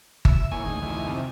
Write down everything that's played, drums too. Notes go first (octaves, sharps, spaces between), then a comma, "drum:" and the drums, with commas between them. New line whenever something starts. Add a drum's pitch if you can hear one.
E5, drum: kick G1
D#2 A#2 E4 C#5 G#5
A1 D2 D#4 G#4
F2 D#3 E3
C3